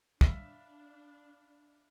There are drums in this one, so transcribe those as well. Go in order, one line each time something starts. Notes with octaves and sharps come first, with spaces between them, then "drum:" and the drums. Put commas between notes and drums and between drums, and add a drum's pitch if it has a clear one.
D4 E5 F5 B5, drum: kick